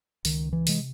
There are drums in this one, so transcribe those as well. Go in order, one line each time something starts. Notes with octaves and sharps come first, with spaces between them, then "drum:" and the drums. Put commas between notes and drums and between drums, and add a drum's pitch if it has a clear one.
C#2 D#3, drum: open hi-hat
E3
C3 G#3, drum: open hi-hat